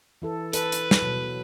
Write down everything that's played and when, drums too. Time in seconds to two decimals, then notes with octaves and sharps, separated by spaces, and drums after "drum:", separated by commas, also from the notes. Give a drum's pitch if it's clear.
0.22 E3 E4 A4
0.53 A4 B4, drum: hi-hat
0.72 drum: hi-hat
0.91 drum: snare
1.02 B2 F#3